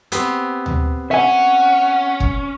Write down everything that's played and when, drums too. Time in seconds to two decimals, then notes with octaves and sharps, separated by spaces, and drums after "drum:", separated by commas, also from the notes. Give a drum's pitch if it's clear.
0.12 B3 C4 G4, drum: hi-hat
0.66 drum: tom D2
1.11 C#4 E5 F#5 G#5
2.20 drum: kick E1